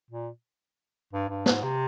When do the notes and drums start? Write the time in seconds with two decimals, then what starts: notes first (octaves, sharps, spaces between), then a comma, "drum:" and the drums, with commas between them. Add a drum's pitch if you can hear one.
0.11 A#2
1.13 G2
1.29 G2
1.46 G#2, drum: snare
1.63 C3